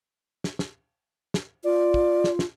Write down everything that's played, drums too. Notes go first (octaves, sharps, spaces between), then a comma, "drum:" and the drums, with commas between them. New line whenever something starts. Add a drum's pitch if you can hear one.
drum: snare
drum: snare
drum: snare
F4 D5
drum: kick
drum: snare
drum: snare